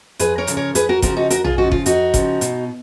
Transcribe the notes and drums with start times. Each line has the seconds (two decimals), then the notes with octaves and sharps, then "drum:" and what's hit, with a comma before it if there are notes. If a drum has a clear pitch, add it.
0.19 F2 G#4 B4, drum: hi-hat
0.38 A#4 C#5
0.47 C#3 F3, drum: hi-hat
0.57 A#4 C#5
0.75 F2 G#4 B4, drum: hi-hat
0.89 F#4 A#4
1.02 C#3 F3 F#4 A#4, drum: kick F#1, hi-hat
1.17 D#4 F#4
1.30 F2 F#4 A#4, drum: hi-hat
1.44 F4 G#4, drum: tom A#1
1.58 C#3 F3 D#4 F#4
1.72 F4, drum: kick F#1
1.86 F2 D#4 F#4, drum: hi-hat
2.14 C#3 F3, drum: kick F#1, hi-hat
2.41 B2, drum: hi-hat